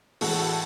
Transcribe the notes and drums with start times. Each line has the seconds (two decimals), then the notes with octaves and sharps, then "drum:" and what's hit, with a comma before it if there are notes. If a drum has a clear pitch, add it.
0.21 A2 E3 G#3 F#4 A4, drum: open hi-hat
0.39 F#4 A4